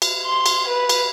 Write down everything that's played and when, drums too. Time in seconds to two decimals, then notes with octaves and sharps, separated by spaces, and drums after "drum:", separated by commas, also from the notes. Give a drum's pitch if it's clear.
0.02 drum: cymbal
0.25 C6
0.46 drum: cymbal
0.68 B4
0.89 drum: cymbal